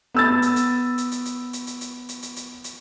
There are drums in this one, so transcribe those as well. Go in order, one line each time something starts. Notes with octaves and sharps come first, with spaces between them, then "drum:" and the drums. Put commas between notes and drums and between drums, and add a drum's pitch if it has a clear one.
B3 E6 A6
drum: hi-hat
drum: hi-hat
drum: hi-hat
drum: hi-hat
drum: hi-hat
drum: hi-hat
drum: hi-hat
drum: hi-hat
drum: hi-hat
drum: hi-hat
drum: hi-hat
drum: hi-hat